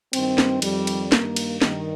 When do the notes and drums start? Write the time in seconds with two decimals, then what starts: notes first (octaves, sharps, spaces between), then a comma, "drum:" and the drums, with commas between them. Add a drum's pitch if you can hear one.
0.13 G2 D#3 C4, drum: cymbal
0.38 drum: snare
0.62 F2 D#3 G3, drum: cymbal
0.87 drum: cymbal
1.12 G2 D#3 A#3, drum: snare
1.36 drum: cymbal
1.62 G2 D#3, drum: snare